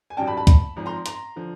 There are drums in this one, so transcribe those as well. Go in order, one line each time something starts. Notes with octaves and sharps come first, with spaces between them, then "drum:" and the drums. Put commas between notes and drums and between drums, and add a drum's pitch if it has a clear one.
G#5
A1 G2 D#3 F#3 G5 A5
A5 B5
A5 B5
drum: kick, hi-hat
G#1 G#2 F3
A#5 C6
A#5 C6, drum: hi-hat
D3 F3